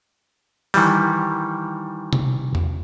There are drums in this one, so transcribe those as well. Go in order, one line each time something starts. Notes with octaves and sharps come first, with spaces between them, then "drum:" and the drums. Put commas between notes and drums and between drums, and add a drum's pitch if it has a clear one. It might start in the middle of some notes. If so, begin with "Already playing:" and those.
D#3 E3 G3, drum: open hi-hat
drum: tom C3
drum: tom E2